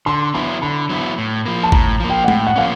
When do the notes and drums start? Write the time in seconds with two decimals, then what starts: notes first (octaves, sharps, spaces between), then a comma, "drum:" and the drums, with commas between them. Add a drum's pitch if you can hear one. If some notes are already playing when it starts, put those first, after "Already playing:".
0.06 D3 C6
0.34 F#3 B3 E4 C6
0.62 D3 B5
0.89 F#3 B3 E4
1.18 A2
1.46 F3 A#3
1.63 A5
1.72 A2 A#5, drum: kick G#1
2.00 F3 A#3
2.10 G5
2.24 F#5
2.28 A2 G5, drum: tom G#3
2.47 F#5
2.56 F3 A#3 C#4 F5